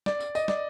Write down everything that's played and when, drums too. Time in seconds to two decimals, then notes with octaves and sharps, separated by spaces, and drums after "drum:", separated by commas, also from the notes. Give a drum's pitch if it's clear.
0.06 D5, drum: snare
0.20 drum: tambourine
0.35 D#5, drum: tambourine
0.48 D5, drum: snare